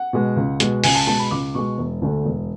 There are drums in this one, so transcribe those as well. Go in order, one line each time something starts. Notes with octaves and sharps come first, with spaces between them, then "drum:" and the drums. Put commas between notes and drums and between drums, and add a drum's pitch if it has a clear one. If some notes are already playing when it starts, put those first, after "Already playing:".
Already playing: F#5
B2 G#3
C#2
B2 G#3, drum: hi-hat
C#2 G#5, drum: open hi-hat
A5
B2 G#3 A5
B5
C#2 D6
B2 G#3 C#6
E1
D2 D3 A3
E1